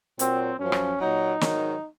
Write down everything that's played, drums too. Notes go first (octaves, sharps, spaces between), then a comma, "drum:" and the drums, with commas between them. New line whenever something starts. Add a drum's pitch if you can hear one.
A#2 F#3 C4, drum: hi-hat
F#2 F3 C#4
drum: rim click
A#2 F#3 D#4
G#2 D#3 F#3, drum: snare